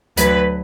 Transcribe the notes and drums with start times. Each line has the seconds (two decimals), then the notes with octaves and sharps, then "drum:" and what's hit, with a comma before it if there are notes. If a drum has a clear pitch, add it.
0.17 D2 D3 F#3 B4, drum: hi-hat